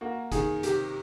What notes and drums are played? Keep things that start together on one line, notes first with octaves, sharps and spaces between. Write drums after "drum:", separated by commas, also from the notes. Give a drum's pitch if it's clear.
A#3 F#4
D#3 G#4, drum: kick, hi-hat
C3 G4, drum: hi-hat